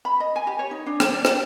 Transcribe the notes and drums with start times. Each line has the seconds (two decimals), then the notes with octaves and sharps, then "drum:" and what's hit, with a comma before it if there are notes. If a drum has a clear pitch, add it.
0.05 B5
0.20 D#5
0.36 G#5
0.47 G4
0.59 C#5
0.71 D#4
0.86 D4
1.00 G5, drum: rim click
1.13 D5
1.25 G5, drum: rim click